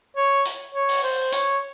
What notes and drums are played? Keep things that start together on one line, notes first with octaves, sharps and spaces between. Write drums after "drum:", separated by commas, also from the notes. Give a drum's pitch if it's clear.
C#5
drum: hi-hat
C#5
drum: open hi-hat
C5
C#5, drum: hi-hat